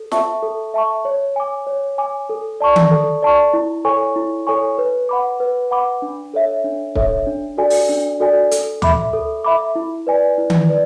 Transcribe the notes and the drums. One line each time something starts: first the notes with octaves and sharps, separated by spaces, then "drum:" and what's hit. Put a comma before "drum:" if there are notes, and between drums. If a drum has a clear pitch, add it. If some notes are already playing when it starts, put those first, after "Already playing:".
Already playing: A4
E5 A5 C#6, drum: snare
A4
E5 A5 C#6
C#5
G#5 D6
C#5
G#5 D6
A4
D5 A5 C#6
drum: tom D#3
A4
D5 A5 C#6
E4
A4 C#5 G#5 C#6
E4
A4 C#5 G#5 C#6
B4
F#5 B5 D6
B4
F#5 B5 D6
D4
A4 C#5 E5
D4
A4 C#5 E5, drum: kick
D4
F#4 A4 D5 G#5
drum: open hi-hat
D4
F#4 A4 D5 G#5
A4, drum: hi-hat
E5 B5 D6, drum: tom D2
A4
E5 B5 D6
E4
B4 D5 G#5
E4
drum: tom D#3
B4 D5